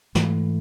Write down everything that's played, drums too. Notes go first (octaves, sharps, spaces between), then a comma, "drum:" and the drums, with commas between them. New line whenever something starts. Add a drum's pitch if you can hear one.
G#2 E3 A3, drum: snare